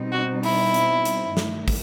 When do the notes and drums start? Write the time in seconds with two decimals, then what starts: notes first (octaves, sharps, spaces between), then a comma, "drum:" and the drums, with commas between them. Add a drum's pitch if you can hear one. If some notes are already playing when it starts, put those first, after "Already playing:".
Already playing: B2 G3 C4 D#4
0.12 F#4
0.43 E4, drum: open hi-hat
0.74 drum: hi-hat
1.05 drum: hi-hat
1.37 G2 D#3 A3, drum: snare
1.68 drum: kick, open hi-hat